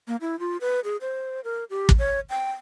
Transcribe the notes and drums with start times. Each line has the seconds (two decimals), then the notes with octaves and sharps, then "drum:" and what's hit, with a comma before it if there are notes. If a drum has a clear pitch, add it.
0.08 A#3
0.21 E4
0.40 F4
0.61 B4
0.84 G#4
1.01 C5
1.44 A#4
1.70 G4
1.89 drum: kick
1.99 C#5
2.30 G5